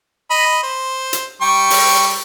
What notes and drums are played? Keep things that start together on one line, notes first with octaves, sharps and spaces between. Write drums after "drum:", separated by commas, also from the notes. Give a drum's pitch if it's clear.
D#5 B5
C5
drum: hi-hat
G3 G5 C#6
drum: open hi-hat